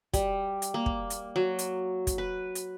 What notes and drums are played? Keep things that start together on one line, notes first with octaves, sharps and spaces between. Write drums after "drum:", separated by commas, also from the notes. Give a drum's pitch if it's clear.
G3, drum: kick, hi-hat
drum: hi-hat
A#3
drum: kick
drum: hi-hat
F#3
drum: hi-hat
drum: kick, hi-hat
B4
drum: hi-hat